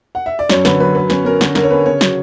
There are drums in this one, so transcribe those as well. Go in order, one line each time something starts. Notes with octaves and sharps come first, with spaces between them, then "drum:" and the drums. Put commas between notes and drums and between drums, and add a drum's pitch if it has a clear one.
F#5
E5
D5
F#2 C#5, drum: snare
D3 B4, drum: snare
F#2 B4
F#3 B4
C#4 B4, drum: snare
C#4 A#4
D3 A#4, drum: snare
D3 A#4, drum: snare
C#5
C#4 B4
C#3 C#5
F#3, drum: snare